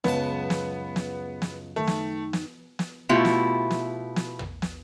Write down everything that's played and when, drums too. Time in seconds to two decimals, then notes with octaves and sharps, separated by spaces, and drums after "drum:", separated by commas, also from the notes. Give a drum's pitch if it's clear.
0.04 C#2 F#2 G#3 B3 A5, drum: snare
0.50 drum: snare
0.96 drum: snare
1.42 drum: snare
1.76 D#3 A3
1.87 drum: snare
2.33 drum: snare
2.79 drum: snare
3.09 B2 A3 E4 F4 G4
3.25 drum: snare
3.71 drum: snare
4.16 drum: snare
4.39 drum: tom
4.62 drum: snare